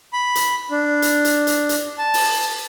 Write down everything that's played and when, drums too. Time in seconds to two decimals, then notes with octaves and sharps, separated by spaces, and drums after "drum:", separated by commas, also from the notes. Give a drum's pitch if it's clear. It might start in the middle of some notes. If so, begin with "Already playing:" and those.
0.13 B5
0.35 drum: hi-hat
0.71 D4
1.02 drum: hi-hat
1.25 drum: hi-hat
1.47 drum: hi-hat
1.69 drum: hi-hat
1.98 A5
2.14 drum: open hi-hat